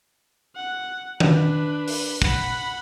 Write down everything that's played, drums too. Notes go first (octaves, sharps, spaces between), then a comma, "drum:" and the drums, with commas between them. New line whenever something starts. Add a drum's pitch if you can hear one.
F#5
D4 B4, drum: tom D#3
drum: open hi-hat
F#5 B5, drum: kick